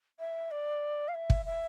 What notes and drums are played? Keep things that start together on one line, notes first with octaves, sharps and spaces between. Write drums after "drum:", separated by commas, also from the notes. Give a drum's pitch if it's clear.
E5
D5
F5
E5
drum: kick
E5